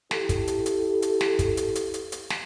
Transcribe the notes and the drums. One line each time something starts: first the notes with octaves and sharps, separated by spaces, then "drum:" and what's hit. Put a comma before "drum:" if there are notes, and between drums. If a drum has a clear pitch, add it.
E4 G4 A4, drum: snare
drum: kick, hi-hat
drum: hi-hat
drum: hi-hat
drum: hi-hat
drum: snare
drum: kick, hi-hat
drum: hi-hat
drum: hi-hat
drum: hi-hat
drum: hi-hat
drum: snare